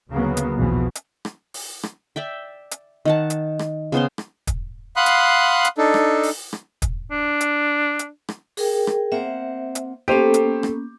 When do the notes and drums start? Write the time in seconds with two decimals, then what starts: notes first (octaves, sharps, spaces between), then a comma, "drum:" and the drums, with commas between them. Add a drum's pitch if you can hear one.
0.11 D2 C#3 F#3 A#3 B3
0.37 drum: hi-hat
0.57 B1 E2 B2 E3 F3
0.95 drum: hi-hat
1.25 drum: rim click
1.54 drum: open hi-hat
1.83 drum: rim click
2.16 D5 E5 G5
2.71 drum: hi-hat
3.05 D#3 F#5 A5
3.30 drum: hi-hat
3.59 drum: rim click
3.92 C#3 B3 C5 C6
4.18 drum: rim click
4.47 drum: kick, hi-hat
4.96 F5 F#5 B5 C6 D#6 F#6
5.06 drum: hi-hat
5.65 drum: hi-hat
5.78 D4 D#4 A4
5.94 drum: rim click
6.23 drum: open hi-hat
6.53 drum: rim click
6.82 drum: kick, hi-hat
7.11 D4
7.41 drum: hi-hat
7.99 drum: hi-hat
8.29 drum: rim click
8.57 G#4 A#4 G5, drum: open hi-hat
8.87 drum: rim click
9.12 A#3 C4 C5 E5 F#5
9.75 drum: hi-hat
10.08 A#3 B3 C#4 G4 A4 C5 A#5
10.34 drum: hi-hat
10.63 drum: rim click